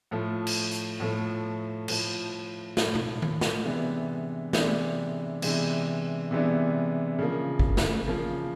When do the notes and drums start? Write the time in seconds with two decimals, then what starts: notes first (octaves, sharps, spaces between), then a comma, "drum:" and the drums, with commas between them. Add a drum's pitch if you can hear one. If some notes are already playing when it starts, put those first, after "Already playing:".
0.11 A2 F3 A3
0.47 drum: cymbal
0.71 drum: hi-hat
1.00 A2 F3 A3
1.88 A2 F3 A3, drum: cymbal
2.77 A2 F3 A3, drum: snare
2.95 drum: tom B2
3.22 drum: tom D#3
3.41 drum: snare
3.65 C3 E3 G#3 B3 D4
4.53 C3 E3 G#3 B3 D4, drum: snare
5.42 C3 E3 G#3 B3 D4, drum: cymbal
6.31 C3 E3 G#3 B3 D4
7.19 C#3 F3 A#3
7.59 drum: kick
7.77 drum: snare
8.08 C#3 F3 A#3